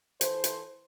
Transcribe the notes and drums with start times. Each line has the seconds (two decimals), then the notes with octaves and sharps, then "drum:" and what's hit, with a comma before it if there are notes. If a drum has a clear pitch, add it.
0.21 E3 A4 C5, drum: hi-hat
0.44 drum: hi-hat